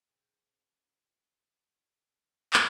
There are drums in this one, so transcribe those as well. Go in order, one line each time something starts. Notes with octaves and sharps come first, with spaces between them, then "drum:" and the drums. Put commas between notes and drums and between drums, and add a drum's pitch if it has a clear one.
A#2 C#3 F3 G5
drum: clap